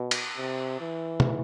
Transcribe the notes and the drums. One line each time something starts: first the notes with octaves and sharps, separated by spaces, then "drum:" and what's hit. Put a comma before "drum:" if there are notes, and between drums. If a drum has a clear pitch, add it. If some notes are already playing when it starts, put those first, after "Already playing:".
Already playing: B2
drum: cymbal
C3
E3
drum: tom